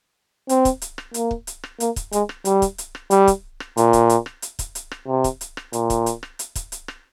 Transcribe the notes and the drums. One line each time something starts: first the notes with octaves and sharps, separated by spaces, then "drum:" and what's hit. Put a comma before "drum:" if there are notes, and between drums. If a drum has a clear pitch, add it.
C4, drum: hi-hat
drum: kick, hi-hat
drum: hi-hat
drum: rim click
A#3, drum: hi-hat
drum: kick
drum: hi-hat
drum: rim click
A#3, drum: hi-hat
drum: kick, hi-hat
G#3, drum: hi-hat
drum: rim click
G3, drum: hi-hat
drum: kick, hi-hat
drum: hi-hat
drum: rim click
G3, drum: hi-hat
drum: kick, hi-hat
drum: rim click
A#2, drum: hi-hat
drum: kick, hi-hat
drum: hi-hat
drum: rim click
drum: hi-hat
drum: kick, hi-hat
drum: hi-hat
drum: rim click
C3
drum: kick, hi-hat
drum: hi-hat
drum: rim click
A#2, drum: hi-hat
drum: kick, hi-hat
drum: hi-hat
drum: rim click
drum: hi-hat
drum: kick, hi-hat
drum: hi-hat
drum: rim click